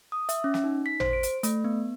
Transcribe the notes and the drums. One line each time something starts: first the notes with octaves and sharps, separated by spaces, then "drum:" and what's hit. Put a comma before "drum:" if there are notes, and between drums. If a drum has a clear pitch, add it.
D#6
E5, drum: hi-hat
C#4
drum: snare
D#4
B6
C5, drum: tom
D7
drum: hi-hat
A3, drum: hi-hat
B3